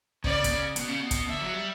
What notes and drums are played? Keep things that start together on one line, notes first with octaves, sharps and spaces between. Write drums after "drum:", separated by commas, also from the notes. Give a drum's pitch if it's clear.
C#3 D5, drum: kick
C#3
B2, drum: kick, hi-hat
C#3
B2, drum: hi-hat
C#3
B2
drum: kick, hi-hat
D3 E5
F#3
G3